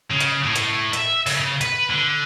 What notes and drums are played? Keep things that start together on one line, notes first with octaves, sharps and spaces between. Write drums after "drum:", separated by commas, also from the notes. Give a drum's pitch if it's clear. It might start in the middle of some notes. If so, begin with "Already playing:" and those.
C#3
drum: hi-hat
A2
drum: hi-hat
E5, drum: hi-hat
C#3, drum: open hi-hat
B4, drum: hi-hat
D3